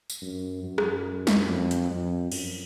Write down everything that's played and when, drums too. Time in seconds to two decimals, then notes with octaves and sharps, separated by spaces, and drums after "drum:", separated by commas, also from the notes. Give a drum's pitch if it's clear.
0.10 drum: tambourine
0.22 F#2
0.63 F#2
0.78 drum: rim click
1.27 drum: snare
1.48 F2
1.71 drum: hi-hat
1.90 F2
2.32 F#2, drum: cymbal